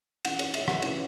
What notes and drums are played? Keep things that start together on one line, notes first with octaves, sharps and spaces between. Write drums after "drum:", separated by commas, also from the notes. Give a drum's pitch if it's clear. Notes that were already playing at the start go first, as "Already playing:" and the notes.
E3 C#4 F#5, drum: cymbal
C#5, drum: cymbal
E5, drum: cymbal
F#5, drum: rim click
E3 C#4 C#5, drum: cymbal